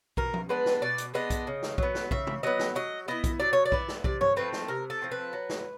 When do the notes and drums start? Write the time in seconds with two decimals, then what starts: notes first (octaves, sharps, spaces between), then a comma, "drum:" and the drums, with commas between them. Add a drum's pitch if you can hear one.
0.17 B2 A#4, drum: kick B1
0.34 drum: tom
0.49 G#3 B3 D4 B4
0.66 drum: snare
0.82 B2 D5
0.98 drum: hi-hat
1.14 G#3 B3 D4 D#5
1.30 drum: kick B1, hi-hat
1.47 C#3
1.63 drum: snare
1.78 F#3 B3, drum: kick B1
1.95 drum: snare
2.11 C#3 E5, drum: kick B1
2.27 drum: tom
2.43 F#3 B3 D#5
2.59 drum: snare
2.75 F#3 D#5
3.08 B3 E4 D#5
3.24 drum: kick B1, hi-hat
3.40 F#3 D5
3.53 C#5
3.65 D5
3.72 B3 E4, drum: kick B1
3.88 drum: snare
4.04 C3 D5, drum: kick B1
4.21 C#5, drum: tom
4.37 F3 A3 C4 B4
4.53 drum: snare
4.68 C3 A#4
4.90 A4
5.02 F3 A3 C4
5.12 B4
5.33 F#3
5.50 drum: snare